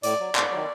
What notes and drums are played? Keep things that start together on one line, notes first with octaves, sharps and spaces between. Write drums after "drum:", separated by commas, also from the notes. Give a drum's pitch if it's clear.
A2 D5, drum: hi-hat
F#3
G#2, drum: clap
D#3 F#3